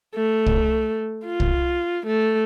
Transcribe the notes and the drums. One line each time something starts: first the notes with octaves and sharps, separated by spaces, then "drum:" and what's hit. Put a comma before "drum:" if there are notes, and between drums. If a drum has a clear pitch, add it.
A3
drum: kick
F4
drum: kick
A3